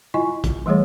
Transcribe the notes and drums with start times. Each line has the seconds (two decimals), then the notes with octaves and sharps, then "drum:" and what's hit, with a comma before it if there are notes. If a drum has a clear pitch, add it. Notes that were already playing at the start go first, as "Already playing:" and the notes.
0.14 E4 F4 D#5 G#5 C#6
0.44 drum: kick, hi-hat
0.66 E3 G3 A3 G#4 C#5